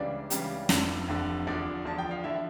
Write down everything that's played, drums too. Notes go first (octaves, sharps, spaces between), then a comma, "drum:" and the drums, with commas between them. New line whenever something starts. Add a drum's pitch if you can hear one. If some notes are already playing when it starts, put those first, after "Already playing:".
Already playing: C#2 C#3 E3 G3 D4 D5
C#2 C#3 E3 G3, drum: hi-hat
F1 F2 D3, drum: snare
F1 F2 D3
E2 D3 F3 D4 D5
E2 D3 F3 A5
G5
F5
D3 F3 E4 E5